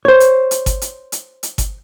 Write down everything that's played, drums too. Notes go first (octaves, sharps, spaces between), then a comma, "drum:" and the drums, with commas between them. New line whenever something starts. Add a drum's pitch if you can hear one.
C5 C#5
drum: hi-hat
drum: hi-hat
drum: kick G1, hi-hat
drum: hi-hat
drum: hi-hat
drum: hi-hat
drum: kick G1, hi-hat